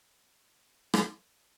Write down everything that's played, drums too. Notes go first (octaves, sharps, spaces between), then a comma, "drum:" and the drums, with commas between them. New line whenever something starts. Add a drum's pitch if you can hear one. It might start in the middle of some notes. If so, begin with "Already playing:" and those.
D#2
drum: rim click